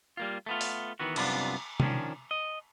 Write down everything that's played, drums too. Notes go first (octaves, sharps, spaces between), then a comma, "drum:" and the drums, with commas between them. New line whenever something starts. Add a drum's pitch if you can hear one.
G3 A#3 F4
A3 B3 F4
drum: open hi-hat
D#3 E3 B3 F#4
C2 F#2 C3 B3 D4 F4, drum: cymbal
D#3 F3 B3 C#4 D4, drum: tom C3
D#5